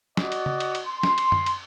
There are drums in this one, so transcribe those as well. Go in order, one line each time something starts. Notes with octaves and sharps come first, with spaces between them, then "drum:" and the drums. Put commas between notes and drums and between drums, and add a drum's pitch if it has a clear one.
F#4 D5 D#5, drum: snare
drum: cymbal
drum: tom C#3
drum: cymbal
drum: cymbal
C6
drum: snare
drum: cymbal
drum: tom F#2
drum: cymbal